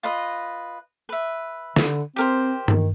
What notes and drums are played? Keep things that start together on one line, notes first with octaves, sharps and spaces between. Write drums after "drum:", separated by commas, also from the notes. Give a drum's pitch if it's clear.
F4 B4 D#5
B4 E5
D3, drum: snare
C4 G4 A#4 C5
D#3, drum: tom G2